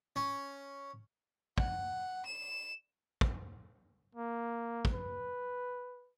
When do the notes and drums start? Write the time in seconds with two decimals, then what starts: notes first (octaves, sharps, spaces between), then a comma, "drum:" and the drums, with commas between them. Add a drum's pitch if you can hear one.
0.16 C#4
1.58 F#5, drum: kick
2.25 E7
3.21 drum: kick
4.15 A#3
4.85 drum: kick
4.94 B4